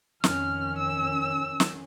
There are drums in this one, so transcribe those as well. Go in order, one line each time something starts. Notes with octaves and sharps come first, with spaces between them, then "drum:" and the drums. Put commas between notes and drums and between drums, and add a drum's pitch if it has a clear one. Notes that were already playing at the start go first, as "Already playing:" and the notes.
F2 D#3 C#4 F6, drum: snare
E6
drum: snare